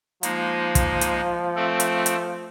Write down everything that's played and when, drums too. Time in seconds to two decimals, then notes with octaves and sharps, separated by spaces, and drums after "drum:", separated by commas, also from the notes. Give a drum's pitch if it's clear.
0.23 F3 G#3 A#3 D#4, drum: hi-hat
0.75 drum: kick, hi-hat
1.01 drum: hi-hat
1.56 A3 C4 A4
1.80 drum: hi-hat
2.06 drum: hi-hat